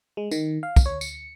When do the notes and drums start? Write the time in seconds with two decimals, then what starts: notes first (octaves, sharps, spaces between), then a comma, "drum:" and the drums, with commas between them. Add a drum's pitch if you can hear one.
0.17 G#3
0.31 D#3, drum: tambourine
0.63 F5
0.76 drum: kick, tambourine
0.86 C#5
1.01 C#7, drum: tambourine